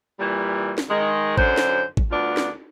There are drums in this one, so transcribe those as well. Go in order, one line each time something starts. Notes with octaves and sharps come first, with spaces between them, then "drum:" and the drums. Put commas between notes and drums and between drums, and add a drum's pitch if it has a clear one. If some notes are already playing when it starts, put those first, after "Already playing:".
A#2 E3 G3
drum: snare
D#3 G#3
F#2 D3 C5, drum: kick
drum: snare
drum: kick
D2 B3 D4 F4
drum: snare